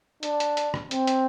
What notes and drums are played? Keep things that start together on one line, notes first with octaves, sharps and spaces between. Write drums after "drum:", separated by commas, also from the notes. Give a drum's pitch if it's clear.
D4, drum: hi-hat
drum: hi-hat
drum: hi-hat
drum: rim click
C4, drum: hi-hat
drum: hi-hat